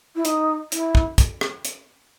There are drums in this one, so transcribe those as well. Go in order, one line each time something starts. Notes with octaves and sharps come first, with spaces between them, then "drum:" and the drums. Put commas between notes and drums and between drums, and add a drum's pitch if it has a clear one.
E4
D#4, drum: hi-hat
E4, drum: hi-hat
drum: kick
drum: kick, hi-hat
drum: rim click
drum: hi-hat